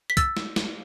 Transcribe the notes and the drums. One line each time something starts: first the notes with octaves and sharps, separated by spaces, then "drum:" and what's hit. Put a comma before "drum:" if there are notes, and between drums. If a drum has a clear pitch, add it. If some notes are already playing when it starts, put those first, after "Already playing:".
B6
E6 A6, drum: kick, hi-hat
drum: snare
drum: snare